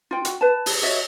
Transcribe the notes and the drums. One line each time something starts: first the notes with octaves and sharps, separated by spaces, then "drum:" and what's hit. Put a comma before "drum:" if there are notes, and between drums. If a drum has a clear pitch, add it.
F4 G5
F#4, drum: hi-hat
B4 A5
drum: open hi-hat
F#4 C#5 D#5 E5